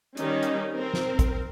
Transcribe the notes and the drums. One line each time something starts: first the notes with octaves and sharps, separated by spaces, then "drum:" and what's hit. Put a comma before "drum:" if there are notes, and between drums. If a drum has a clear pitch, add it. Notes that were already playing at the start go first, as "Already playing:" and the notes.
D#3 G3 C#4 D#4, drum: hi-hat
drum: hi-hat
C4 A#4
drum: snare
drum: kick, hi-hat